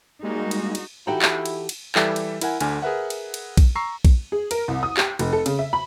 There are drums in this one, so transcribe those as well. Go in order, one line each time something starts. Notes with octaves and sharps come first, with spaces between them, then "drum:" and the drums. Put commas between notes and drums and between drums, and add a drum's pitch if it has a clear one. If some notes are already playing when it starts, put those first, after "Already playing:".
G3 G#3 A#3 D#4 F#4
drum: cymbal
drum: cymbal
E3 D#4 E4 F#4 G4 A4 G5
drum: clap
drum: cymbal
drum: cymbal
E3 G3 G4 A4 E5, drum: clap
drum: cymbal
E4 A#4 F#5 G#5, drum: cymbal
D2 D3 G#5 F6, drum: cymbal
G#4 A#4 B4 E5 F#5
drum: cymbal
drum: cymbal
drum: kick A#1, cymbal
A#5 C#6 E6 C7
drum: kick A#1, cymbal
G#4
A#4, drum: cymbal
C2
D#6
G4, drum: clap
F1, drum: cymbal
A4
C#3, drum: cymbal
E5
B5